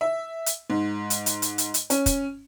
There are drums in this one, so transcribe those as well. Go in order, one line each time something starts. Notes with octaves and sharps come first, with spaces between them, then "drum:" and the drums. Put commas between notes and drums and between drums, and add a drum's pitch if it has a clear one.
E5
drum: hi-hat
G#2
drum: hi-hat
drum: hi-hat
drum: hi-hat
drum: hi-hat
drum: hi-hat
C#4, drum: hi-hat
drum: kick, hi-hat